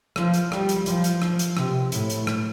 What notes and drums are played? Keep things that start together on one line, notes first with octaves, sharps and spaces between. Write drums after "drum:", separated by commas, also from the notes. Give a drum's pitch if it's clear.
F3, drum: rim click
drum: hi-hat
G3, drum: rim click
drum: hi-hat
F3, drum: hi-hat
drum: hi-hat
drum: rim click
drum: hi-hat
C3, drum: rim click
A2, drum: hi-hat
drum: hi-hat
drum: rim click